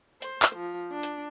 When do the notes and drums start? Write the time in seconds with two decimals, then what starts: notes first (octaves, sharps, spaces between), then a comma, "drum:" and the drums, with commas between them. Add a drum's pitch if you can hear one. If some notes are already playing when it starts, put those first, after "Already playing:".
0.22 C5, drum: hi-hat
0.42 drum: clap
0.56 F3
0.92 D4
1.03 drum: hi-hat